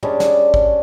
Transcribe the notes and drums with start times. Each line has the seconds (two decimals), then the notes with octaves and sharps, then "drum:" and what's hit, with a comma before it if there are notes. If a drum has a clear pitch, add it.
0.03 G3 G#3 C#4 D4, drum: tom
0.20 drum: snare
0.54 drum: kick